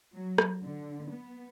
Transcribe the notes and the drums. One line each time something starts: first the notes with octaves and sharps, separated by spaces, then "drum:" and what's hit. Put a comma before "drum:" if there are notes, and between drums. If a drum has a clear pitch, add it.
F#3
drum: rim click
D3
B3